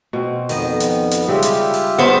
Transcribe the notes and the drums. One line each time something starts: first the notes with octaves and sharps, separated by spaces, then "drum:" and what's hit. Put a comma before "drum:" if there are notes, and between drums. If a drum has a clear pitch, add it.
B2 C4
F2 D#3 B3 D#5, drum: open hi-hat
drum: hi-hat
drum: hi-hat
C#3 G3 G#3 F4 G4 E5
drum: hi-hat
drum: open hi-hat
G3 B3 D4 F#4 C5